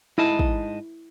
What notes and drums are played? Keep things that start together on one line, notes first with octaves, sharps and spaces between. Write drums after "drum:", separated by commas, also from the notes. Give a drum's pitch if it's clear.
G#2 E4 D#5 A5
drum: kick